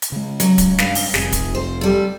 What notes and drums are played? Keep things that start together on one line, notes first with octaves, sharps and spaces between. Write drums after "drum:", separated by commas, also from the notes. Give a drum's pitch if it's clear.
drum: hi-hat
C#3 G#3
F#3, drum: hi-hat
drum: kick D1, hi-hat
G2 F5, drum: snare
drum: open hi-hat
F1 C3 G#4, drum: snare
drum: kick D1, hi-hat
C5
G3 A4